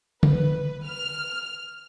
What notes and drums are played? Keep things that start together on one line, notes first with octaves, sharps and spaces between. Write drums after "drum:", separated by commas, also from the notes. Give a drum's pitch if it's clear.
B4, drum: tom C#3
F6